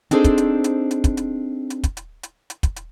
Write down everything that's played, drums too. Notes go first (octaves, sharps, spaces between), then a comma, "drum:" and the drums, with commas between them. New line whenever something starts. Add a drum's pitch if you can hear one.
C4 D4 D#4 G#4 A4 C5, drum: hi-hat
drum: kick, hi-hat
drum: hi-hat
drum: hi-hat
drum: hi-hat
drum: kick, hi-hat
drum: hi-hat
drum: hi-hat
drum: kick, hi-hat
drum: hi-hat
drum: hi-hat
drum: hi-hat
drum: kick, hi-hat
drum: hi-hat